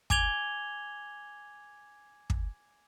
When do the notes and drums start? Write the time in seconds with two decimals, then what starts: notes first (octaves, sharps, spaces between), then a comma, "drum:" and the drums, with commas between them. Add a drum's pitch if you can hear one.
0.10 G#5 D6 G#6 F7 G7, drum: kick
2.30 drum: kick